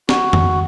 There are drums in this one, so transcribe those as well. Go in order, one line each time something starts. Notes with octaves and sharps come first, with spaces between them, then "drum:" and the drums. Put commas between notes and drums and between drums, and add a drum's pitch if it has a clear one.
F#4, drum: snare
drum: tom